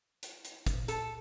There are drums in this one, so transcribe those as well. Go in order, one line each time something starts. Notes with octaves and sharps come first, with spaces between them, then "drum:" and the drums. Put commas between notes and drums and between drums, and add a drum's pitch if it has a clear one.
drum: hi-hat
drum: hi-hat
drum: kick, hi-hat
A4, drum: hi-hat